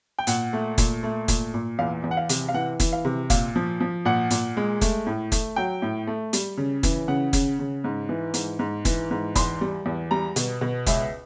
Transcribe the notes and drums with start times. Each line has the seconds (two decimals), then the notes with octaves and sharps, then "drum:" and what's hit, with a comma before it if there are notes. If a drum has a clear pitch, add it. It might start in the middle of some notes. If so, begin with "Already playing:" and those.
0.19 G5
0.27 A#2 F#5, drum: hi-hat
0.53 A3
0.78 A#2, drum: kick, hi-hat
1.03 A3
1.28 A#2, drum: kick, hi-hat
1.54 A#2
1.79 E2 F5
2.04 E2
2.11 F#5
2.17 F5
2.29 C3, drum: hi-hat
2.48 F5
2.54 E3 F#5
2.80 E3, drum: kick, hi-hat
2.93 F5
3.05 C3
3.30 A#2 F5, drum: kick, hi-hat
3.56 F3
3.80 F3
4.05 A#2 F#5
4.31 A#2, drum: hi-hat
4.57 G#3
4.81 A3, drum: kick, hi-hat
5.07 A2
5.32 A3, drum: kick, hi-hat
5.56 F#3 G5
5.82 A2
6.07 A3
6.33 G3, drum: hi-hat
6.57 C#3
6.83 E3, drum: kick, hi-hat
7.08 C#3 F#5
7.33 C#3, drum: kick, hi-hat
7.59 C#3
7.84 G#2
8.09 E3
8.34 G#2, drum: hi-hat
8.59 G#2
8.85 E3, drum: kick, hi-hat
9.11 G#2
9.36 E2 C6, drum: kick, hi-hat
9.61 G3
9.86 E2
10.11 G3 A#5
10.36 B2, drum: hi-hat
10.61 B2
10.87 C#2 E5, drum: kick, hi-hat